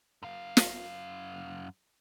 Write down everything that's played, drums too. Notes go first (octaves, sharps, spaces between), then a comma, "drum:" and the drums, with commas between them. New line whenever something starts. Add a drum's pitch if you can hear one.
F#2 F5
drum: snare